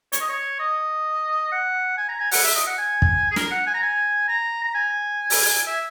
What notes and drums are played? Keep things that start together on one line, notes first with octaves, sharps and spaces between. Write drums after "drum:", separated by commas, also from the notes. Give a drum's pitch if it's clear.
C#5, drum: hi-hat
D#5
C#5
D#5
F#5
G#5
A#5
G#5
F#5, drum: open hi-hat
E5
D#5
F#5
G#5
drum: kick
G#4
A#4, drum: snare
F#5
G#5
A#5
G#5
A#5
A#5
G#5
drum: open hi-hat
E5